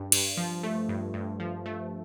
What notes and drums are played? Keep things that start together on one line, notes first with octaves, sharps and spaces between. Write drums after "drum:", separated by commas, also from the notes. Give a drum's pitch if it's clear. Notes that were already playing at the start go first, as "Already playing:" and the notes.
Already playing: G2
G2, drum: cymbal
F3
A3
G2
G2
F3
A3